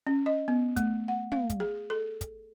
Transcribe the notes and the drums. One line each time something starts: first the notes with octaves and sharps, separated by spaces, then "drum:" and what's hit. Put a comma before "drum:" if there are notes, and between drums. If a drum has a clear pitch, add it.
C#4
D#5
B3
A3, drum: kick, hi-hat
F#5
F5, drum: tom
drum: kick, hi-hat
G#4
A4
drum: kick, hi-hat